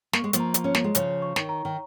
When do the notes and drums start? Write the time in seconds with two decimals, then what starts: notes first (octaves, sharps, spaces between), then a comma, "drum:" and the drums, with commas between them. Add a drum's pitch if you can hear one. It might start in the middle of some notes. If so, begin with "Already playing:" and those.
0.13 A#3 C#6, drum: snare
0.24 G#3
0.33 F3 A#3, drum: hi-hat
0.40 A#5
0.54 drum: hi-hat
0.64 C#4 C#5
0.75 A#3, drum: snare
0.84 G#3
0.95 C#3 F3 C#5, drum: hi-hat
1.22 C#6
1.36 D#3, drum: snare
1.49 A#5
1.65 D#3